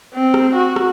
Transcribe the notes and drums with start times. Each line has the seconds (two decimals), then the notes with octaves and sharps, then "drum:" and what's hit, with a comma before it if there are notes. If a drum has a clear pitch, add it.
0.14 C4
0.34 drum: rim click
0.55 F#4
0.76 drum: rim click